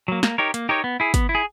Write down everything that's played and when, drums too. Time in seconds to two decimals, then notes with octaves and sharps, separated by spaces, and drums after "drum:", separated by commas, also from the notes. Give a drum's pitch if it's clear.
0.08 F#3 A#3
0.23 A#3, drum: snare
0.38 D#4 G4 A#4 C#5
0.54 A#3, drum: hi-hat
0.69 D#4 G4 A#4 C#5
0.84 B3
1.00 E4 G#4
1.14 B3, drum: kick, hi-hat
1.29 E4
1.35 G#4